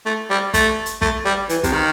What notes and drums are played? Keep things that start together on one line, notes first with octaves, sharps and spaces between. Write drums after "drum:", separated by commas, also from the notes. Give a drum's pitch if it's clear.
A3
G3
A3, drum: kick, hi-hat
drum: hi-hat
A3, drum: kick
G3
E3, drum: hi-hat
C3, drum: kick, hi-hat
D#3